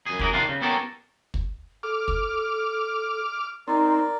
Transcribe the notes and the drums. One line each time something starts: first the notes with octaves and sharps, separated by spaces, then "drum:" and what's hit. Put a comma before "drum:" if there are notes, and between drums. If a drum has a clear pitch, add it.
F#2 G#4
F#2 E3 G4 G#4 A#4, drum: kick
C3 D#3 D4 F4 F5
C#3
B3 C#4 G4 A4 A#4 C#5
drum: kick
A4 D6 F6
drum: kick
C4 D#4 A#4 D5